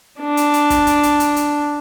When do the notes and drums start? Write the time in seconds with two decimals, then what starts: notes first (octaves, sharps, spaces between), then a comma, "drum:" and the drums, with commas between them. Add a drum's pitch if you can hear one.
0.21 D4
0.37 drum: hi-hat
0.54 drum: hi-hat
0.70 drum: kick, hi-hat
0.87 drum: hi-hat
1.03 drum: hi-hat
1.20 drum: hi-hat
1.36 drum: hi-hat